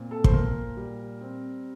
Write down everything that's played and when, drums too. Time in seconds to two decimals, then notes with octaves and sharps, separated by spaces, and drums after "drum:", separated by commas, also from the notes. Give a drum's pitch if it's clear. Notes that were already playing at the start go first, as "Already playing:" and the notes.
Already playing: A#2 C4
0.11 A4
0.24 C5, drum: kick
0.33 A#2 A#4
0.77 G3
1.21 C4